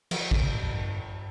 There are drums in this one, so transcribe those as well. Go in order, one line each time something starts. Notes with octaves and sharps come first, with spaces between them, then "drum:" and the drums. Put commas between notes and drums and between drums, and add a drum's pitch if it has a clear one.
F3, drum: cymbal
D3, drum: kick
C3
A2
F2
G2